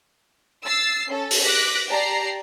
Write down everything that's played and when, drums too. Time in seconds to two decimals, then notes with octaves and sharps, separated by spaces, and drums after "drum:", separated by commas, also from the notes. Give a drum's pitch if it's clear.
0.66 E6 A6 C7
1.09 C#4 A4
1.30 drum: open hi-hat
1.43 D6 F#6 A#6 B6
1.91 G4 D5 A5 A#5 C7